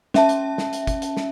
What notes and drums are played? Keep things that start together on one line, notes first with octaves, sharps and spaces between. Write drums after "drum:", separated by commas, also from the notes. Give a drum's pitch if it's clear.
C#4 E5 A5, drum: snare
drum: hi-hat
drum: snare
drum: hi-hat
drum: kick, hi-hat
drum: hi-hat
drum: snare